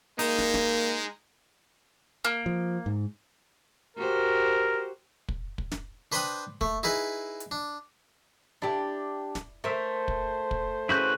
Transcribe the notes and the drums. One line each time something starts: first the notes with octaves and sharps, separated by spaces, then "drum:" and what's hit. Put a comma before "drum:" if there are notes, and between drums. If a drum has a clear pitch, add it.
G#3 A#3 D#4, drum: open hi-hat
drum: snare
drum: snare
A#3
F3
G#2
F#4 G4 A#4 C5
drum: kick
drum: kick
drum: snare
D4 B4 C5 G5 B5 D#6
A3, drum: kick
D#4 E4 G#4 B4
drum: hi-hat
D4
D4 E4 G4 D5
drum: snare
A3 A#4 C5 E5
drum: kick
drum: kick
C#3 E4 F#4 B4 G6